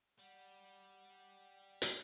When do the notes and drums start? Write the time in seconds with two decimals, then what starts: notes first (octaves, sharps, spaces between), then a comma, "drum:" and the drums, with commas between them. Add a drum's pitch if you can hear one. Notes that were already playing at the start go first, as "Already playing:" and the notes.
0.19 G3 F#5
1.82 drum: hi-hat